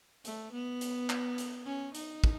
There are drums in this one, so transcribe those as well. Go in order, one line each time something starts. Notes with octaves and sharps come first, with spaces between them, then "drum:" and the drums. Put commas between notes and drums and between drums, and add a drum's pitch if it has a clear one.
A3, drum: hi-hat
B3
drum: hi-hat
drum: clap
drum: hi-hat
C#4
D#4, drum: hi-hat
drum: kick